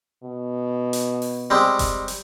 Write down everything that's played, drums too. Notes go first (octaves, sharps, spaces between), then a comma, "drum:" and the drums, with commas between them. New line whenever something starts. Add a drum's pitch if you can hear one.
B2
drum: hi-hat
drum: open hi-hat
G3 G#3 C4
drum: kick F#1, hi-hat
drum: hi-hat